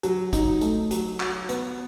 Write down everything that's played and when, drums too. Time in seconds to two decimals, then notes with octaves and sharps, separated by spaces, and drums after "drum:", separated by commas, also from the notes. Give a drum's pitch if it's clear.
0.03 F#3, drum: hi-hat
0.33 D#4, drum: kick, hi-hat
0.61 A3, drum: hi-hat
0.91 F#3, drum: hi-hat
1.20 F#4, drum: clap
1.49 B3, drum: hi-hat